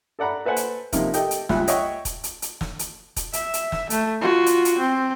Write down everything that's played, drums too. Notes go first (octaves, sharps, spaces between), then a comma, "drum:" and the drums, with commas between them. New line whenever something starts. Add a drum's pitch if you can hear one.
A4 D5 F#5 A#5 B5
A4 B4 C5 F#5 G#5
drum: hi-hat
C3 F3 A#3 D#4 E4 A#4, drum: kick E1, hi-hat
G4 A4 D#5 G5, drum: hi-hat
drum: hi-hat
C#2 G2 G#3 E5 F#6, drum: snare
C#5 D#5 E5 F#5 G5 C#6, drum: hi-hat
drum: kick E1, hi-hat
drum: hi-hat
drum: hi-hat
drum: snare
drum: hi-hat
drum: kick E1, hi-hat
E5, drum: hi-hat
drum: hi-hat
drum: snare
A3, drum: hi-hat
F4 F#4
drum: hi-hat
drum: hi-hat
C4